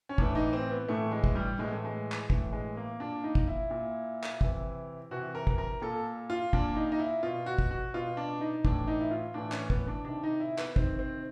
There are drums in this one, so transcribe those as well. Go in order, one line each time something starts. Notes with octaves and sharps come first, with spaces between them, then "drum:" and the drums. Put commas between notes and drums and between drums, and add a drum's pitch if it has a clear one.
C#4
A2 E3 D4, drum: kick
D#4
C4
B3
A2 E3 A3
G#3
drum: kick
G3
A2 E3 G#3
A3
G#3
drum: clap
A2 E3, drum: kick
G#3
A#3
A#2 D4
D#4
drum: kick
E4
A#2
drum: clap
C3 E3, drum: kick
C3 E3 F#4
A#4
drum: kick
A#4
A#2 A4
F4
A#2 D4, drum: kick
D#4
D#4
E4
B2 F4
F#4
drum: kick
F#4
B2 F4
D4
D#4
A2 E3 D4, drum: kick
D#4
E4
F4
A2 E3 D4
C#4, drum: clap
B3, drum: kick
D4
C3 D#3 D4
D#4
E4
B3, drum: clap
C3 D#3 C4, drum: kick
C4